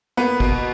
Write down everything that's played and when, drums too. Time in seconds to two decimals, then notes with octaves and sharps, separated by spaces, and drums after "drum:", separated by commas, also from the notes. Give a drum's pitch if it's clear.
0.17 A#3 B3 B4
0.40 B2, drum: kick